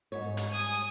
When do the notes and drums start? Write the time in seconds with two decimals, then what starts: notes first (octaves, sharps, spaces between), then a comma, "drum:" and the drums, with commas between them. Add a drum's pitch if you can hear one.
0.12 G#2 G3 C#5
0.37 drum: hi-hat
0.52 G#5 D#6